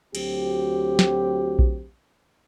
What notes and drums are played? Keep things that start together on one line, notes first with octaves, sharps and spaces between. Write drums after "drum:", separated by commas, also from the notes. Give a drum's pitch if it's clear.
D2 F#3 C4 G4, drum: cymbal
drum: snare
drum: kick A#1